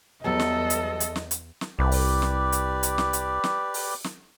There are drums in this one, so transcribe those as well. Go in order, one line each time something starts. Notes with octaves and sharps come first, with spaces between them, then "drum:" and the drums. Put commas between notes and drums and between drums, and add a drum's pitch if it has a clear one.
E2 F#3 G3 B3 A4 D#5
drum: snare
drum: hi-hat
drum: hi-hat
drum: snare
drum: hi-hat
drum: snare
C2 G4 B4 D5
drum: open hi-hat
drum: snare
drum: hi-hat
drum: hi-hat
drum: snare
drum: hi-hat
drum: snare
drum: open hi-hat
drum: snare